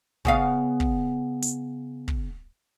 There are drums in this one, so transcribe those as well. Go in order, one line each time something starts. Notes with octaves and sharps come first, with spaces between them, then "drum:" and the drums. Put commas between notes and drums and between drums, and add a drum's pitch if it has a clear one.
C#3 B3 F5, drum: kick
drum: kick
drum: hi-hat
drum: kick